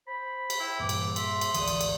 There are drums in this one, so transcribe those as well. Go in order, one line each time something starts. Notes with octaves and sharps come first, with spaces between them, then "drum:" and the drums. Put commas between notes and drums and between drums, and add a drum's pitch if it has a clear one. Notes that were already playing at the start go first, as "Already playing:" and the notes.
C5 B5
drum: cymbal
E4 G5
G2 A#2 E3 D6
drum: cymbal
E5 C6, drum: cymbal
drum: cymbal
G#1 D2 D3 E3 G#4 A#4 D#6, drum: cymbal
drum: cymbal
drum: cymbal